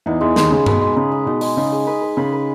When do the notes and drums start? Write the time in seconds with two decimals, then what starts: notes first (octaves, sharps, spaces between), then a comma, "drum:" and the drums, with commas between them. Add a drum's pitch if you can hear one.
0.06 E2 E3 D#4
0.21 E2 E3 G#3
0.36 D#2 D#3 G#3, drum: snare
0.51 C#3 G#3
0.66 B2 B4, drum: tom G2
0.81 G#3
0.96 C#3 D#4
1.12 G#3
1.26 B2 D#4
1.41 G#3, drum: open hi-hat
1.57 C#3 D#4
1.72 G#3
1.87 B4
2.01 B4
2.17 C#3 B4
2.32 B4